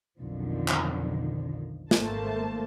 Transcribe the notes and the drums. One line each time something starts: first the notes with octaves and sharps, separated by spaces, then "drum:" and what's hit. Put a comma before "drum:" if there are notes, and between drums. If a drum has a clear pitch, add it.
B1 F2 D3 D#3 F3
drum: clap
G#1 A3 A#3 C5 A5, drum: snare